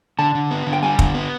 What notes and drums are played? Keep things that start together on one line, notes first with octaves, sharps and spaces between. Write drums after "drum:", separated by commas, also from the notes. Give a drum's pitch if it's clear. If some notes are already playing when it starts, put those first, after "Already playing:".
D3 A5
D3
B3
D3
G5
G3 G#5
D3, drum: kick
B3